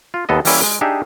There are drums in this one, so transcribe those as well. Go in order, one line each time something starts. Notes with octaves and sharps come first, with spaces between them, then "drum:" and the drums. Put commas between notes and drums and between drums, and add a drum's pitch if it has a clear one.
F4
D#2 B3 A4 D#5
E3 G3 A#3 C#4 E4, drum: open hi-hat
G#3
D4 D#4 G4 G#4 E5